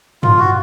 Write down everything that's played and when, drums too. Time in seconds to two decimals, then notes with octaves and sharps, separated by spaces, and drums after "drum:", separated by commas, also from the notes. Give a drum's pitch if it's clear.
0.23 F4, drum: tom G2
0.39 F#4